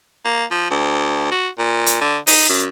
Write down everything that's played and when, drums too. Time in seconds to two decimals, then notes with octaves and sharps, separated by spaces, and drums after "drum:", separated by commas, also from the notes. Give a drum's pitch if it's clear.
0.25 A#3
0.51 F3
0.70 D2
1.31 F#4
1.58 A#2
1.86 drum: hi-hat
2.01 D3
2.27 D#4, drum: open hi-hat
2.49 F#2